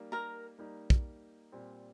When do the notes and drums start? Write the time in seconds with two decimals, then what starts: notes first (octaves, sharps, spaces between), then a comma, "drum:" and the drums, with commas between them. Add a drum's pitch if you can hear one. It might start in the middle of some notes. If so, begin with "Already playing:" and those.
Already playing: G3 A#3 D#4
0.12 A#4 A#5
0.59 G3 A#3 D#4
0.90 drum: kick
1.52 A#2 G3 C4